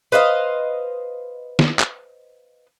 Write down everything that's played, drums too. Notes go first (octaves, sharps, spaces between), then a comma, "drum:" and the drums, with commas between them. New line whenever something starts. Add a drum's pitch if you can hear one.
B4 C5 D#5 F5
drum: snare
drum: clap